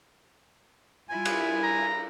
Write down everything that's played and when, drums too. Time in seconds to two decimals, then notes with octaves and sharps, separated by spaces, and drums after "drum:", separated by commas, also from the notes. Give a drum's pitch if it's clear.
1.09 G3 E4 F4 G#5
1.25 drum: cymbal
1.63 A#5